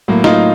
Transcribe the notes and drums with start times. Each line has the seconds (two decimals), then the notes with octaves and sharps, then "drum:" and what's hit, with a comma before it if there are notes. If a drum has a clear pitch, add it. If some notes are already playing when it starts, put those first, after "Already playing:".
0.08 A2 F#3 A#3
0.24 D#4 F4, drum: snare